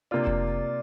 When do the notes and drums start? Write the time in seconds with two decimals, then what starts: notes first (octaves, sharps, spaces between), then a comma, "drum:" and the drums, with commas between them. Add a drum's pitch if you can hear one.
0.11 C3 A#3 D4 F4 D5
0.27 drum: kick F1